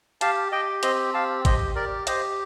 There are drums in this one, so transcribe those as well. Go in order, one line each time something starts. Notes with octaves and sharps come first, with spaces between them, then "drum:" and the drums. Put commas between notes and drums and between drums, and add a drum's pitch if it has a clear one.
G4 F5 A5, drum: hi-hat
G4 D#5 G5
C4 C5 D#5, drum: hi-hat
G4 F5 A5
G4 C5 D#5, drum: kick, hi-hat
G4 A#4 D5
G4 C5 D#5, drum: hi-hat